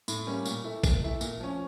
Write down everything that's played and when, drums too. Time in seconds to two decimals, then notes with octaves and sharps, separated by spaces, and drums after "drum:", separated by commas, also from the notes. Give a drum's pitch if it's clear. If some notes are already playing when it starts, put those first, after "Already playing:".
0.08 A2, drum: tambourine
0.27 G3 A#3 C#4
0.46 A#2, drum: tambourine
0.64 A3 E4
0.84 A#2, drum: kick, tambourine
1.02 A3 E4
1.21 A#2, drum: tambourine
1.40 F3 C#4